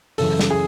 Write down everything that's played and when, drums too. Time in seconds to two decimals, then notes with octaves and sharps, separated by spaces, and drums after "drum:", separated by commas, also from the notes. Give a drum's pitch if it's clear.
0.18 F#2 C#3 E3 A4, drum: open hi-hat
0.39 drum: snare
0.50 G#4